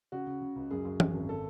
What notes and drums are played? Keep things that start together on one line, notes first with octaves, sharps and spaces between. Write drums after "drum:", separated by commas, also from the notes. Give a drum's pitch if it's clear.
C#3 F#4
C#3
C#3
C#2
F#2 G#4
F#2
G#1, drum: tom E3
G#1
A4